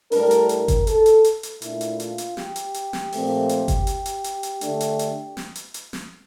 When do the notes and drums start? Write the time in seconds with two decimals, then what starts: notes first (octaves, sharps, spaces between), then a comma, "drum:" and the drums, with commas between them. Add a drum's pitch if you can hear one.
0.12 A2 G3 D4 A#4, drum: open hi-hat
0.31 drum: hi-hat
0.49 A#4, drum: hi-hat
0.68 drum: kick G1, hi-hat
0.87 A4, drum: hi-hat
1.06 drum: hi-hat
1.24 drum: hi-hat
1.43 drum: hi-hat
1.62 A#2 A3 D4 E4, drum: hi-hat
1.81 drum: hi-hat
2.00 F4, drum: hi-hat
2.18 drum: hi-hat
2.37 G4, drum: snare
2.56 drum: hi-hat
2.74 drum: hi-hat
2.93 drum: snare
3.12 A#2 F3 A3 C4, drum: open hi-hat
3.49 drum: hi-hat
3.68 drum: kick G1, hi-hat
3.87 drum: hi-hat
4.06 drum: hi-hat
4.24 drum: hi-hat
4.43 drum: hi-hat
4.61 D3 A3 D4, drum: hi-hat
4.81 drum: hi-hat
4.99 drum: hi-hat
5.37 drum: snare
5.55 drum: hi-hat
5.74 drum: hi-hat
5.93 drum: snare